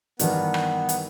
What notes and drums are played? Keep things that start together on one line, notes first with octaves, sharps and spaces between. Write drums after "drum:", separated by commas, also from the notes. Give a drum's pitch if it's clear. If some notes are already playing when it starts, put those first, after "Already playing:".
G2 D#3 E3 B3, drum: hi-hat
drum: rim click
drum: hi-hat